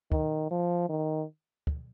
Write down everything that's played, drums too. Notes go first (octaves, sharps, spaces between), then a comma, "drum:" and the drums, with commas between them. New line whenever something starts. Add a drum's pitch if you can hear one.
D#3, drum: kick
F3
D#3
drum: kick